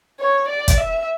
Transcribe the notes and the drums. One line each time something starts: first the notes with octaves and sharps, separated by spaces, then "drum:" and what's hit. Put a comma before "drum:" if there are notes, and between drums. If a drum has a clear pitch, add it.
C#5
D5
drum: kick, hi-hat
E5